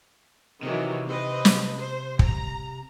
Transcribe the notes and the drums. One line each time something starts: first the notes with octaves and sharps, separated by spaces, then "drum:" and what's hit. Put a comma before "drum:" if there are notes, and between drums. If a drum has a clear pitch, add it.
C3 D#3 E3 F#3
C4 B4 D#5
drum: snare
C5
A#5, drum: kick